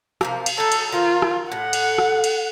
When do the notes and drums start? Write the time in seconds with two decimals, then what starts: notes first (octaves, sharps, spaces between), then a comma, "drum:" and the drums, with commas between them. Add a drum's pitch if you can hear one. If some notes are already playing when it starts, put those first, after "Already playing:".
0.21 C3 F3 A#3, drum: rim click
0.46 drum: cymbal
0.58 F#3 D#4 A4
0.72 drum: cymbal
0.92 D#3 F4 A#4 C5
1.22 drum: rim click
1.52 A2 F#5
1.73 drum: cymbal
1.98 drum: rim click
2.24 drum: cymbal